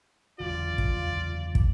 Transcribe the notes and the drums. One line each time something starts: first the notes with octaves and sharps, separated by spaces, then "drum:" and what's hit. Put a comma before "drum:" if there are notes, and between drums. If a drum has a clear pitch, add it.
F#1 E2 D3 F4 D5
drum: kick
drum: kick